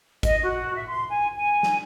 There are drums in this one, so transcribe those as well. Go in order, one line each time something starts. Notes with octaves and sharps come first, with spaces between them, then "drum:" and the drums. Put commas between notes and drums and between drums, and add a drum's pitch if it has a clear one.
D#5, drum: kick G#1, hi-hat
F#4
E5
C6
G#5
G#5
drum: snare